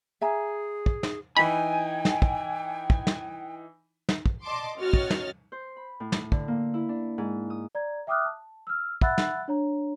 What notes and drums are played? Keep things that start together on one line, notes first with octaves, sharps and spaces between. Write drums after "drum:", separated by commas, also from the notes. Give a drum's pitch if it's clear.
G#4 E5 G#5 A#5
drum: kick
drum: snare
E3 D#4 G5 G#5 B5
drum: snare
drum: kick
drum: kick
drum: snare
drum: snare
drum: kick
D5 D#5 A5 C6 D6
A1 F#4 C#5 D#5 F6 A6
drum: kick
drum: snare
C5
B5
A2
drum: snare
D3, drum: kick
A#3
E4
D4
G#2
D#6
D5 A#5 G#6
E5 G5 D6 D#6 F6 F#6
A5
E6 F6
E5 F#5 B5 E6 F#6 A6, drum: kick
drum: snare
D4 C#5 A#5